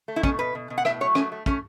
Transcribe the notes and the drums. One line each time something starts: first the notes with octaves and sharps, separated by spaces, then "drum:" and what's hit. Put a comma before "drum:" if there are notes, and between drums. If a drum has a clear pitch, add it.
A3
E4
B2 C#4, drum: kick
B2 B4
B2
B2
F#5
A2 E5, drum: rim click
F#3 C#5
A3 C#4, drum: rim click
A3
A3 C#4, drum: kick